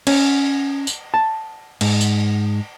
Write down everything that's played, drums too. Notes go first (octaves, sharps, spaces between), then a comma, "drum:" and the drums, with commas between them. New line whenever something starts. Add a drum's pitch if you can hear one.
C#4, drum: cymbal
drum: tambourine
A5
G#2, drum: cymbal
drum: tambourine